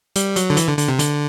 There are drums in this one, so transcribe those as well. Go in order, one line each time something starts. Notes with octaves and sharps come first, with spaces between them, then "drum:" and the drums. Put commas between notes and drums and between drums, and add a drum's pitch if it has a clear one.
G3, drum: hi-hat
F#3, drum: hi-hat
D3
E3, drum: hi-hat
D3
D3, drum: hi-hat
C3
D3, drum: hi-hat